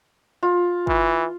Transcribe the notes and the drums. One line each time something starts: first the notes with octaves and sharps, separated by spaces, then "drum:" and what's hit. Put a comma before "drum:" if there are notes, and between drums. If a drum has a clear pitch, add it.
F4
E3, drum: kick